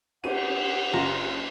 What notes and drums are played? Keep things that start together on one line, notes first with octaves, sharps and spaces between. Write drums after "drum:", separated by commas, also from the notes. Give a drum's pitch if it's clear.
G4 F#5 D#7, drum: cymbal
F#1 F4 A#5